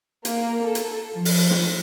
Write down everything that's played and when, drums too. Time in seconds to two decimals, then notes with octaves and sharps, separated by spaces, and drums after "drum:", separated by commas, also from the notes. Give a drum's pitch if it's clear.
0.25 A#3, drum: hi-hat
0.63 A4
0.75 drum: hi-hat
1.15 F3
1.25 drum: open hi-hat
1.50 drum: snare